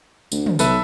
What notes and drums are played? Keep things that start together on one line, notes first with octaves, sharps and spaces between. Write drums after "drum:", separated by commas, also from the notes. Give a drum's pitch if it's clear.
D2, drum: tambourine
drum: tom
B1 A4 B4 E5, drum: tambourine